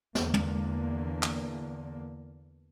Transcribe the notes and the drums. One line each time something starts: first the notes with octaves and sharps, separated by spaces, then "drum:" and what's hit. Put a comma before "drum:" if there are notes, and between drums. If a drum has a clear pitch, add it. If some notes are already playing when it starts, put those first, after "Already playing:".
E2 D3 A#3, drum: snare
drum: tom
drum: clap